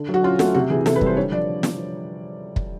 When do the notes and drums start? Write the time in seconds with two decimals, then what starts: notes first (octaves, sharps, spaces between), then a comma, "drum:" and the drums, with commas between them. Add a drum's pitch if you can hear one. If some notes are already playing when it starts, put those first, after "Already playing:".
Already playing: D3
0.08 F#3
0.14 F#4
0.23 C#4 F4
0.39 A3 F#4, drum: snare
0.54 C3 F#4
0.70 E3 G#4
0.86 C3 A4, drum: snare
0.96 B4
1.01 G3, drum: kick
1.06 C5
1.17 D3 C#5
1.32 F3 D5
1.63 drum: snare
2.56 drum: kick